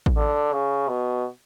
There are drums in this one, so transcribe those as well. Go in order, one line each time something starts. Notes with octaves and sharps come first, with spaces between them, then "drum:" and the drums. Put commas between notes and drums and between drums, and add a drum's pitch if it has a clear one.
drum: kick A1
D3
C#3
B2